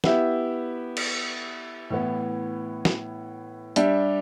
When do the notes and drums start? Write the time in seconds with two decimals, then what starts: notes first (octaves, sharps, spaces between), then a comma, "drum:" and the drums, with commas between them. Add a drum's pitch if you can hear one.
0.04 B3 E4 G4 E5, drum: snare
0.97 drum: cymbal
1.90 A2 E3 B3
2.85 drum: snare
3.76 G3 D4 G4 E5, drum: hi-hat